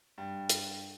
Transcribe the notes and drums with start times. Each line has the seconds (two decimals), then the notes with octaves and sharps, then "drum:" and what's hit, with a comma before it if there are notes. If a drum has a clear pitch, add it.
0.18 G2
0.50 drum: hi-hat